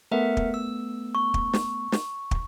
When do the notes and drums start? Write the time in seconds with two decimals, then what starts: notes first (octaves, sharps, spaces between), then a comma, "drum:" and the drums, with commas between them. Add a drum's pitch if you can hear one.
0.11 A3 B3 A#4 E5 F#5
0.37 drum: kick
0.54 E6
1.15 C#6
1.34 drum: kick
1.53 drum: snare
1.92 drum: snare
2.31 drum: kick